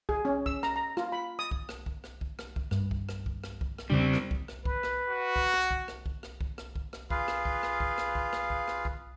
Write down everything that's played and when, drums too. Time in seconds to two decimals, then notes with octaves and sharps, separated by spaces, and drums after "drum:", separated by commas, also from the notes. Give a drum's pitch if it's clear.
0.09 G#4, drum: kick B1
0.25 C#4
0.46 E6, drum: kick B1
0.63 A#5, drum: rim click
0.76 A#5
0.97 F4, drum: rim click
1.12 B5
1.39 D#6
1.51 drum: kick B1
1.69 drum: rim click
1.86 drum: kick B1
2.04 drum: rim click
2.21 drum: kick B1
2.39 drum: rim click
2.56 drum: kick B1
2.71 G2, drum: rim click
2.91 drum: kick B1
3.09 drum: rim click
3.26 drum: kick B1
3.44 drum: rim click
3.61 drum: kick B1
3.78 drum: rim click
3.90 E2 C#3 G3 C4 D4
4.13 drum: rim click
4.31 drum: kick B1
4.48 drum: rim click
4.65 B4, drum: kick B1
4.83 drum: rim click
5.09 F#4
5.36 drum: kick B1
5.53 drum: rim click
5.71 drum: kick B1
5.88 drum: rim click
6.06 drum: kick B1
6.23 drum: rim click
6.41 drum: kick B1
6.58 drum: rim click
6.76 drum: kick B1
6.93 drum: rim click
7.10 F4 G#4 B4 F5, drum: kick B1
7.28 drum: rim click
7.45 drum: kick B1
7.63 drum: rim click
7.80 drum: kick B1
7.98 drum: rim click
8.15 drum: kick B1
8.33 drum: rim click
8.50 drum: kick B1
8.68 drum: rim click
8.85 drum: kick B1